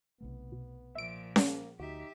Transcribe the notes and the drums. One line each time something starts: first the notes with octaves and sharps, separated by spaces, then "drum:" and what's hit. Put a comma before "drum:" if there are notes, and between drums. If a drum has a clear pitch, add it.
B1 C3 A3 B3
B2
A#2 F3 E5 D7
A#3, drum: snare C#4
D2 D#4 F#4 G4 E5